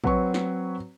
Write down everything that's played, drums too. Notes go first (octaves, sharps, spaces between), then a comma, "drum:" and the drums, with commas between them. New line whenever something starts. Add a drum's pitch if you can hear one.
F#3 C4 B4 C#5 C#6, drum: kick
drum: snare